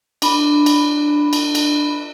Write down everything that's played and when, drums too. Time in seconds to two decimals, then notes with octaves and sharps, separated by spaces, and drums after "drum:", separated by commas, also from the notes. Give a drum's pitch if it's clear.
0.22 D4 B5, drum: cymbal
0.66 drum: cymbal
1.33 drum: cymbal
1.55 drum: cymbal